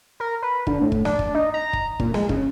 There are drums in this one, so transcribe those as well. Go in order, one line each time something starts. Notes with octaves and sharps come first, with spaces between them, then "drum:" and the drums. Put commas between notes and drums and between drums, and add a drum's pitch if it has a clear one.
A#4
B4
D3, drum: kick
A2
drum: kick
D4, drum: snare
drum: kick
D#4
A#5
drum: kick
A#2, drum: kick
G#3, drum: snare
C#3, drum: kick